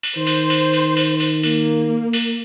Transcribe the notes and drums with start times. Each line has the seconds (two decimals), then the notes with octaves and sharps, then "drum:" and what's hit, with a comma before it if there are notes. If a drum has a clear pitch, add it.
0.03 drum: cymbal
0.17 D#3 C5
0.27 drum: cymbal
0.50 drum: cymbal
0.73 drum: cymbal
0.97 drum: cymbal
1.20 drum: cymbal
1.43 A#3, drum: cymbal
2.13 drum: cymbal